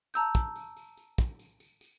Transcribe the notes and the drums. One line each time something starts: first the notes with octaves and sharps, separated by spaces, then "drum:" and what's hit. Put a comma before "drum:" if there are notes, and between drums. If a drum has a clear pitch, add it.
A5 A#5 E6 G6, drum: tambourine
drum: kick
drum: tambourine
drum: tambourine
drum: tambourine
drum: kick, tambourine
drum: tambourine
drum: tambourine
drum: tambourine